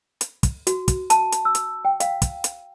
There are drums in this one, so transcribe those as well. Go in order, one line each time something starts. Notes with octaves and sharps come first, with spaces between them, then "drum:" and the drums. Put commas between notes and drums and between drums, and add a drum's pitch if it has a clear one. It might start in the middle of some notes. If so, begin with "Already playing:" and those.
drum: hi-hat
drum: kick, hi-hat
F#4, drum: hi-hat
drum: kick, hi-hat
A5, drum: hi-hat
drum: hi-hat
E6
drum: hi-hat
G5
F5, drum: hi-hat
drum: kick, hi-hat
drum: hi-hat